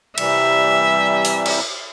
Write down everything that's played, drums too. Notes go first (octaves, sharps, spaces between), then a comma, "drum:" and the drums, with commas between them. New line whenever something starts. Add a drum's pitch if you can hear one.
C3 E3 G3 E5, drum: cymbal
drum: open hi-hat
drum: cymbal